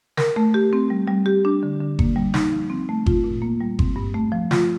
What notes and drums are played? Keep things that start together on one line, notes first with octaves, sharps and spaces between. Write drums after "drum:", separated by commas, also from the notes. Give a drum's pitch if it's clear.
A#4, drum: snare
A3
G4
C4
G3
G3
G4
D4
D3
D3
A#3, drum: kick G1
G3
D#4, drum: snare
F3
C4
A3
F4, drum: kick G1
A#2
A#3
G3
C4, drum: kick G1
G2
A3
F3
F4, drum: snare